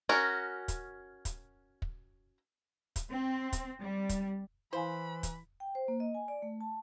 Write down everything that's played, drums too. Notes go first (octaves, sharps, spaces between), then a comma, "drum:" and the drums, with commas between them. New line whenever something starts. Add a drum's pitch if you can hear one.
C#4 F#4 A#4
drum: kick, hi-hat
drum: kick, hi-hat
drum: kick
drum: kick, hi-hat
C4
drum: kick, hi-hat
G3
drum: kick, hi-hat
E3 E4 C5 F5 G#5 B5
drum: kick, hi-hat
G5
C5
A#3
D#5
G#5
D5
A3
A5